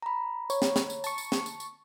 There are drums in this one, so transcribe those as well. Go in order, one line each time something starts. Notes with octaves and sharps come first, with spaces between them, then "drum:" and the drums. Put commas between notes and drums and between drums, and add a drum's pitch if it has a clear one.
A#5 B5
C#5, drum: tambourine
drum: snare
drum: snare
drum: tambourine
A5 C#6, drum: tambourine
drum: tambourine
drum: snare
drum: tambourine
drum: tambourine